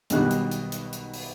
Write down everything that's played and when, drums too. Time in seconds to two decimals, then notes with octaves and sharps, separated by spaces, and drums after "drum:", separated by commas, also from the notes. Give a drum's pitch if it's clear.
0.10 B1 B2 D#3 G3 F#6, drum: hi-hat
0.31 drum: hi-hat
0.51 drum: hi-hat
0.72 drum: hi-hat
0.93 drum: hi-hat
1.14 drum: open hi-hat